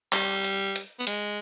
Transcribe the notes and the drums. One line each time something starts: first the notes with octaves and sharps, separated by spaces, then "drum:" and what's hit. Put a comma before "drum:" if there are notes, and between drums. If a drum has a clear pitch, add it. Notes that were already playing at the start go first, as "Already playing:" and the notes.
G3, drum: clap
drum: hi-hat
drum: hi-hat
B3
G#3, drum: hi-hat